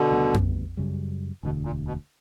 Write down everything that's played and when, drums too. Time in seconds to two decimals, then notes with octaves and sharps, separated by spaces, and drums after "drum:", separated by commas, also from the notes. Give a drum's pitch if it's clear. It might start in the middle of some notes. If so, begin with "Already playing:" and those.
Already playing: B2 D3
0.11 D2 C#3 G3 B3
0.34 drum: tom F2
0.77 F#2 C#3 G3
1.43 E1 D2 B2 D3
1.65 A#2
1.87 B2